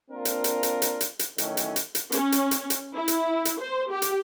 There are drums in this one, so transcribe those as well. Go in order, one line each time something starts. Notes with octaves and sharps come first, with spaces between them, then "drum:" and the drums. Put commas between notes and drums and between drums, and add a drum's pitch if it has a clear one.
A#3 C4 D4 F4 A#4
drum: hi-hat
drum: hi-hat
drum: hi-hat
drum: hi-hat
drum: hi-hat
drum: hi-hat
F#2 A2 D#3 E3 A3 C#4, drum: hi-hat
drum: hi-hat
drum: hi-hat
drum: hi-hat
C#4, drum: hi-hat
drum: hi-hat
drum: hi-hat
drum: hi-hat
E4
drum: hi-hat
drum: hi-hat
C5
G4
drum: hi-hat